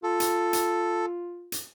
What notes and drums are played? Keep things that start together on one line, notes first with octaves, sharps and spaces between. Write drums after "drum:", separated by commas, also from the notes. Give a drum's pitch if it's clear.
F4 A4
drum: hi-hat
drum: hi-hat
drum: hi-hat